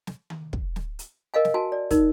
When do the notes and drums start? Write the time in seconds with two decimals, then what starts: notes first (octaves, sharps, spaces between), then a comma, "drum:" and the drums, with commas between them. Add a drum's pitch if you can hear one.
0.07 drum: snare
0.30 drum: tom D#3
0.53 drum: kick
0.76 drum: snare
0.99 drum: hi-hat
1.34 A#4 D#5 F5 G#5
1.45 drum: snare
1.54 F#4 G#5 A5
1.72 D5
1.91 D#4 A#4, drum: kick, hi-hat